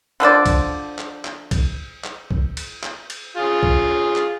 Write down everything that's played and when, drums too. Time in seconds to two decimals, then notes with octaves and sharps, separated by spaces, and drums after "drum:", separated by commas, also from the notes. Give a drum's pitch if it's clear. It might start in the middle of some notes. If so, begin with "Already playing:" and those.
0.20 D3 F3 C5 D5
0.46 drum: kick B1, cymbal
0.98 drum: clap
1.25 drum: clap
1.51 drum: kick B1, cymbal
2.04 drum: clap
2.31 drum: kick B1
2.57 drum: cymbal
2.83 drum: clap
3.10 drum: cymbal
3.36 F4 G#4
3.63 drum: kick B1
4.16 drum: clap